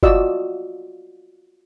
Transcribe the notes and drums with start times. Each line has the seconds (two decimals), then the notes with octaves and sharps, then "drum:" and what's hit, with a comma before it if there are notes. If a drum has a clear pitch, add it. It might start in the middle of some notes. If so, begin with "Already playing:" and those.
0.03 F4 F#4 D5 D#5 E6, drum: kick F#1